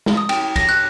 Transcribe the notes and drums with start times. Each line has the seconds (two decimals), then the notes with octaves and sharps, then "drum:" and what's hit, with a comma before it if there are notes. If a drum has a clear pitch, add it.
0.06 drum: snare
0.17 D#6
0.29 G5, drum: cymbal
0.56 A#6, drum: kick C#2, cymbal
0.69 F#6